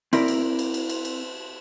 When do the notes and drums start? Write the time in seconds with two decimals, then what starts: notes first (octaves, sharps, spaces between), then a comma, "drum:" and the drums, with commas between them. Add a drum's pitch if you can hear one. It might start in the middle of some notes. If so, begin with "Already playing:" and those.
0.13 C4 E4 A#4 D5, drum: cymbal
0.28 drum: cymbal
0.59 drum: cymbal
0.74 drum: cymbal
0.89 drum: cymbal
1.05 drum: cymbal